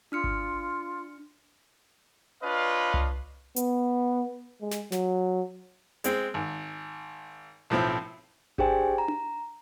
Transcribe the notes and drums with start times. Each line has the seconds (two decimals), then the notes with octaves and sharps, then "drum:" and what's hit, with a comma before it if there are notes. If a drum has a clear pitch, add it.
0.12 D4 F4 F6 C#7
0.24 drum: kick G#1
2.43 D4 F4 B4 C#5 D#5 F5
2.94 drum: tom C2
3.56 B3, drum: hi-hat
4.61 G#3
4.71 drum: snare
4.92 F#3, drum: snare
6.04 G#3 C4, drum: hi-hat
6.34 G#1
7.70 B1 A2 F3 C4
8.58 D4 G4 G#4 C5 G5 G#5, drum: kick G#1
8.98 A#5
9.08 drum: tom D4